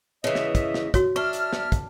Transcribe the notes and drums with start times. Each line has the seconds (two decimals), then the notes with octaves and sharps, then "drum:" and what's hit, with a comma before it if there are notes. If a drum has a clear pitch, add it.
0.24 C#3 E3 D#5 E5
0.35 drum: snare
0.55 drum: kick, hi-hat
0.74 drum: snare
0.94 F#4 C#5, drum: kick, hi-hat
1.16 D4 E5 C#6 F6
1.33 drum: hi-hat
1.53 drum: snare
1.72 drum: kick, hi-hat